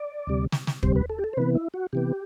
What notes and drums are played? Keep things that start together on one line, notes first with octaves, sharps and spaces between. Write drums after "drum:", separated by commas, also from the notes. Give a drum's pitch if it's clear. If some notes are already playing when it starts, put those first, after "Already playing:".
Already playing: D5
D2 C3 G3
drum: snare
drum: snare
D2 C3 G3 C5, drum: kick
B4
A4
G4
A4
C5
C3 E3 B3 B4
E4
F#4
C3 E3 B3 G4